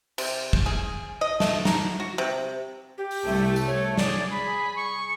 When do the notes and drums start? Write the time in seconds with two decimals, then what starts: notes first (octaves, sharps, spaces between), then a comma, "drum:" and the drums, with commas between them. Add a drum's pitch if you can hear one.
0.18 C3, drum: cymbal
0.53 drum: kick
0.66 G#4
1.21 D#5
1.40 A3, drum: snare
1.65 D#4, drum: snare
2.00 F#4
2.18 C3
2.98 G4
3.11 drum: open hi-hat
3.26 C2 A3
3.56 drum: tambourine
3.68 C#5
3.98 G#4 D5, drum: snare
4.31 B5
4.76 C#6